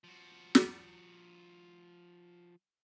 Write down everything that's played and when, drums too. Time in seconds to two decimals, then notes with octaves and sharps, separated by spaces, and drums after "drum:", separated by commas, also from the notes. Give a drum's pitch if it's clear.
0.04 F3 F#4
0.55 drum: snare